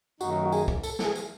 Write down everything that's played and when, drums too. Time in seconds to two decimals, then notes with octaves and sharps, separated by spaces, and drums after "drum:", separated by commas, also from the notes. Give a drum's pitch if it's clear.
0.21 F#2 D#3 F#3 A3 D#4 F#4, drum: tambourine
0.45 F#4
0.52 G#4, drum: tambourine
0.68 drum: kick
0.83 A4, drum: tambourine
0.99 A4, drum: snare
1.05 G#4
1.15 drum: tambourine